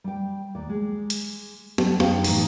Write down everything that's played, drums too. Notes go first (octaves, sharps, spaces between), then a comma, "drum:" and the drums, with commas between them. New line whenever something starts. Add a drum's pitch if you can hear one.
G3 G5
D#2 D5
G#3
drum: hi-hat
F#3 G3 G4 A4, drum: snare
F#2 C#4 D#4 G#4 F5 G5, drum: snare
A2 E3 C4 D#4, drum: open hi-hat